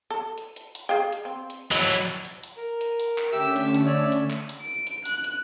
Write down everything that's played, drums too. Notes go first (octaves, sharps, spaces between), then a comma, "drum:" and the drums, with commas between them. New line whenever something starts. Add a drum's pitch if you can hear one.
A4
drum: hi-hat
drum: hi-hat
drum: hi-hat
G#4 F5 G5
drum: hi-hat
C4
drum: hi-hat
F#3 E4 D#5, drum: hi-hat
drum: hi-hat
drum: clap
drum: hi-hat
drum: hi-hat
A#4
drum: hi-hat
drum: hi-hat
drum: clap
D3 A3 C#4 G4 E5 E6
drum: hi-hat
drum: hi-hat
C#5 D5 E5
drum: hi-hat
drum: clap
drum: hi-hat
D7
drum: hi-hat
F#6, drum: hi-hat
drum: hi-hat